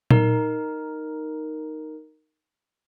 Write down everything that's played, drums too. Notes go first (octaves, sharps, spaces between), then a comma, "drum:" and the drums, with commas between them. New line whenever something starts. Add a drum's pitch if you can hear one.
D#4 A#4, drum: tom A#2